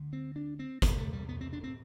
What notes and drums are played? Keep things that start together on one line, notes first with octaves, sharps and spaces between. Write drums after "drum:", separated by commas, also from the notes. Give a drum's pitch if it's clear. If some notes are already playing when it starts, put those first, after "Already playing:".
Already playing: D2 D3
C4
D4
C4
E2 C3 B3, drum: kick, hi-hat
A3
G3
B3
C4
D4
C4